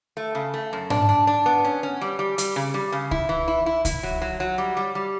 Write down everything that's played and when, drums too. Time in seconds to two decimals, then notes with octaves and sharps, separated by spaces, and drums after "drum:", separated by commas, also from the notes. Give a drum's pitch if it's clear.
0.17 A3
0.35 C#3
0.54 A3
0.73 F#2
0.90 D4, drum: tom G#2
1.09 D4
1.27 D4
1.46 B3
1.64 C#4
1.83 C#4
2.01 G3
2.19 G3
2.38 G3, drum: hi-hat
2.56 C#3
2.74 G3
2.92 C#3
3.11 E4, drum: kick C2
3.29 E3
3.48 E4
3.66 E4
3.85 E4, drum: kick C2, hi-hat
4.03 F#3
4.22 F#3
4.40 F#3
4.58 G3
4.77 G3
4.95 G3